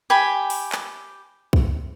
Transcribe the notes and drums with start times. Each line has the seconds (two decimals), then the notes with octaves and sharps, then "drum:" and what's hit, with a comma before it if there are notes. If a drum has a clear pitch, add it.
0.10 G4 G#5 B5
0.50 drum: open hi-hat
0.72 drum: clap
1.53 drum: kick C2